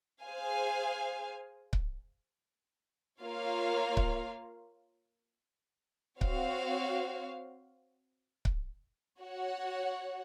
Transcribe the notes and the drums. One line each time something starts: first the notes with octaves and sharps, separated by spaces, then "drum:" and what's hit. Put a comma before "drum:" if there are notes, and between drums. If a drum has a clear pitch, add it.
G#4 C5 F5 G#5
drum: kick C#1
A#3 F4 A#4 C#5 F5
drum: kick C#1
C4 F#4 C#5 F5, drum: kick C#1
drum: kick C#1
F#4 C#5 F#5